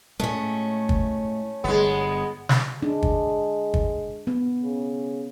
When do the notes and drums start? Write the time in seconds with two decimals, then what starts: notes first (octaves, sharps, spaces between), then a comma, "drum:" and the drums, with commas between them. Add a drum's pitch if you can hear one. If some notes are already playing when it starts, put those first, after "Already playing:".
0.20 A2 G#3 A3 C#4
0.89 drum: kick
1.64 G1 G#3 B3
2.49 drum: snare
2.82 G#3 D4
3.03 drum: kick
3.74 drum: kick
4.27 B3
4.63 C#3